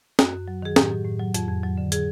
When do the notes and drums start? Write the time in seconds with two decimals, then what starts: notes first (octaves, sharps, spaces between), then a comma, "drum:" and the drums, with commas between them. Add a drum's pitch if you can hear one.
0.19 F#2 F#4, drum: snare
0.34 F#2
0.48 F#3
0.62 D#3 G#4
0.76 A2 G4, drum: snare
0.91 F#3
1.05 A2
1.20 F#3
1.34 F2, drum: hi-hat
1.48 F2
1.63 F#3
1.78 D3
1.92 G#4, drum: hi-hat